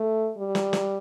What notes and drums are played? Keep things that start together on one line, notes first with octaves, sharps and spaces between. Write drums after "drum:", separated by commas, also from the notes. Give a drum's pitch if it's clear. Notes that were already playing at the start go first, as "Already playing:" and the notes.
Already playing: A3
G3
drum: snare
drum: snare